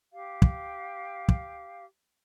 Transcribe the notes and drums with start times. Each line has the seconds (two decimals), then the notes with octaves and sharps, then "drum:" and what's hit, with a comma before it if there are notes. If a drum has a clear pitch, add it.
0.13 G4 F5
0.42 drum: kick
1.28 drum: kick